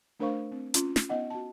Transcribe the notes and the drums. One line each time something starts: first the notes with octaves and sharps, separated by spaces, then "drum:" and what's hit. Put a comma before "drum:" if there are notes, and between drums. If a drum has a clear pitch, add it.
A3 D4 A#4 C5 F5 C#6
C4
C#4 F4 C6, drum: hi-hat
drum: snare
B3 D#4 D#5 F#5
F#4 A5